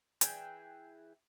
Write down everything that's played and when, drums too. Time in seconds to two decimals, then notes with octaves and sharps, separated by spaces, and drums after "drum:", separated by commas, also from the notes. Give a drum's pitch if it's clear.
0.21 E3 G#4 E5 G5, drum: hi-hat